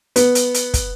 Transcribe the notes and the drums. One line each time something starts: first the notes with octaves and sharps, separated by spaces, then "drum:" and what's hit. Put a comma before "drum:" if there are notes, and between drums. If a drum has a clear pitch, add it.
B3, drum: hi-hat
drum: hi-hat
drum: hi-hat
drum: kick, hi-hat